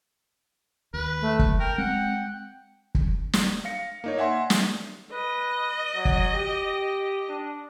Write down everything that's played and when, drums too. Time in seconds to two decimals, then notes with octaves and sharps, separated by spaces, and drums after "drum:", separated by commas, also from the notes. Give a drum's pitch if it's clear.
0.94 D#2 B4
1.21 A3
1.39 drum: kick
1.60 A#4 G5
1.78 G#3 C4 F#5
2.95 drum: kick
3.33 drum: snare
3.65 F5 A#6 C#7
4.04 A#3 D#4 C#5
4.18 D5 E5 F#5 G#5 C6
4.50 drum: snare
5.12 B4 D#5
5.96 F#3
6.05 drum: kick
6.34 G4
7.29 D4